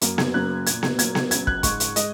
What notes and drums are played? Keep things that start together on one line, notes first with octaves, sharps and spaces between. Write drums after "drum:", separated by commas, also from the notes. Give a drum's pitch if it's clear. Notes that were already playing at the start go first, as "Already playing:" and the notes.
F#2 F#3 A#3, drum: hi-hat
G#6, drum: snare B3
F#2 C#3 F#3 A#3 F#6
A#2 A#3 G#6, drum: hi-hat
drum: snare B3
A#2 F#3 A#3 G#6, drum: hi-hat
drum: snare B3
C#2 C#3 F#3 G#6, drum: hi-hat
F#6, drum: kick
G#2 G#3 C#6, drum: kick, hi-hat
drum: hi-hat
G#3 D#5, drum: hi-hat